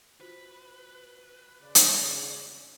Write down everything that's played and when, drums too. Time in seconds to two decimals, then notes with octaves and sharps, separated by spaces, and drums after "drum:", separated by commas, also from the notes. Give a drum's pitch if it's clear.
0.20 F4 F#4 B4 C5
1.62 C#3 D5
1.75 drum: hi-hat